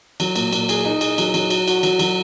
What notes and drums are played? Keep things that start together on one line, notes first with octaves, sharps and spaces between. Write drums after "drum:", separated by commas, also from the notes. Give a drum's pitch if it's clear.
F#3, drum: cymbal
A#2, drum: cymbal
A#2, drum: cymbal
G#4, drum: cymbal
D#4
G#4, drum: cymbal
F#3, drum: cymbal
F#3, drum: cymbal
F#4, drum: cymbal
F#4, drum: cymbal
F#3, drum: cymbal
F#3, drum: cymbal